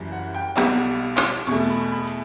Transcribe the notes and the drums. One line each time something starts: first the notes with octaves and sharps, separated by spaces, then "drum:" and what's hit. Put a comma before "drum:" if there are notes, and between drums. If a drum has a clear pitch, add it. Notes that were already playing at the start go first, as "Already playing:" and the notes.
Already playing: F#1 F#2 E3 G3
F#5
G5
B1 B2 G3 F#5, drum: clap
drum: clap
E2 B2 A3 C#6, drum: hi-hat
B5
B5
drum: hi-hat